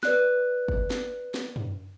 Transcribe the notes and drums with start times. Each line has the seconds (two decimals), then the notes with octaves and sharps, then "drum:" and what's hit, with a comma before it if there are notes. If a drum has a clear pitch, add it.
0.03 B4 D5 F#6, drum: snare
0.68 drum: kick
0.90 drum: snare
1.34 drum: snare
1.56 drum: tom F#2